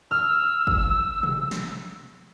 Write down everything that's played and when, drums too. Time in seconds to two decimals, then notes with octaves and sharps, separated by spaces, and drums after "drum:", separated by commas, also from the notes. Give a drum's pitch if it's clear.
0.11 E6 F6
0.67 drum: kick
1.23 drum: tom B2
1.51 drum: snare